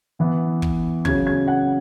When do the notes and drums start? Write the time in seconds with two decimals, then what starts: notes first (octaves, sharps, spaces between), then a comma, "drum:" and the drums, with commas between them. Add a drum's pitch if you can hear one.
0.19 E3 B3 E4
0.62 drum: kick
1.05 C#3 F#3 C#4 G#6, drum: kick
1.27 G#6
1.48 F#5